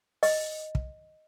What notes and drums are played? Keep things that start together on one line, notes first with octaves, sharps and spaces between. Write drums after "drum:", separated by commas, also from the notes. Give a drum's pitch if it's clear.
D#5, drum: open hi-hat
drum: kick